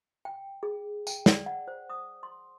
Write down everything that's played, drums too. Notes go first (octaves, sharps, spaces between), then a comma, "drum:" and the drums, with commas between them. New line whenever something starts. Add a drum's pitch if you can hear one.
G5
G#4
G5, drum: tambourine
D5, drum: snare
F#5
C5
D#6
C6